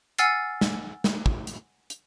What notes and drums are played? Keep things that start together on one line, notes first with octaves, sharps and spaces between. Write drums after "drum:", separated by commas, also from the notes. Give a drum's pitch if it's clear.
F#5 G#5 E6 F6 A6 C7, drum: hi-hat
drum: snare
drum: snare
drum: kick
drum: hi-hat
drum: hi-hat